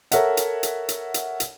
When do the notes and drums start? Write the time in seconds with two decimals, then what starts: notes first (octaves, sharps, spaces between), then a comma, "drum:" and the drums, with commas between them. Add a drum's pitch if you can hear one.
0.12 A4 A#4 C#5 E5 F#5, drum: hi-hat
0.37 drum: hi-hat
0.63 drum: hi-hat
0.89 drum: hi-hat
1.14 drum: hi-hat
1.40 drum: hi-hat